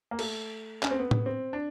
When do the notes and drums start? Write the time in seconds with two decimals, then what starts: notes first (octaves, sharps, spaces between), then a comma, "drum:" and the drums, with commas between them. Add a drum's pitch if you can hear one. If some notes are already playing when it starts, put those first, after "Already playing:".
0.11 A#3
0.19 A3, drum: cymbal
0.83 C#4, drum: clap
0.91 C4
0.99 B3
1.11 drum: tom A2
1.26 C4
1.53 D4